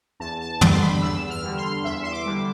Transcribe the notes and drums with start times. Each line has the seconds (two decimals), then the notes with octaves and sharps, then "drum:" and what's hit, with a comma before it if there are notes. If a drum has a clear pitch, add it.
0.20 E2 A5
0.41 A5
0.61 D3 G3, drum: tom
0.72 C6
0.82 B5
1.02 E2 E6
1.30 F6
1.44 D3 G3
1.57 C6
1.84 E2 E5
2.03 C6
2.12 D6
2.26 D3 G3